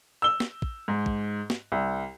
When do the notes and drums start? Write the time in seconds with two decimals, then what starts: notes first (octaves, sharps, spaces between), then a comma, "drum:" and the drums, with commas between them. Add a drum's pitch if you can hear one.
0.22 E6 G7
0.40 drum: snare
0.62 drum: kick
0.88 G#2
1.06 drum: kick
1.50 drum: snare
1.72 C2